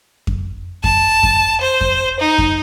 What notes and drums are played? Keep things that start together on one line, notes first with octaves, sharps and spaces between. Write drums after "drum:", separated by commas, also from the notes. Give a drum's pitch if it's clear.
drum: kick F2
A5, drum: kick F2
drum: kick F2
C5
drum: kick F2
D#4
drum: kick F2